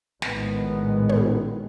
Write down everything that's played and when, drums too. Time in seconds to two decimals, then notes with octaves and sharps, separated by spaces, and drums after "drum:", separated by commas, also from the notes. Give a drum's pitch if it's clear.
0.22 A#1 A2 D#3 G#3 B3, drum: snare
1.09 drum: tom